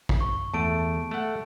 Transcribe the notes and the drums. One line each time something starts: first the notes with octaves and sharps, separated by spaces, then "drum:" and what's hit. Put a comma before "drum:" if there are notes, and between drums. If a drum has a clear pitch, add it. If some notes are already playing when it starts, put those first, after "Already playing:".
drum: kick
C#6
E2 A3 A5 D7
A3 F#5